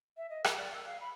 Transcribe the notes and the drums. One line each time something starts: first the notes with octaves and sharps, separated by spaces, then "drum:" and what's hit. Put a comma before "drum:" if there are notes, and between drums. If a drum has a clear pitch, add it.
E5
D#5
A#4, drum: rim click
D5
E6
F5
B5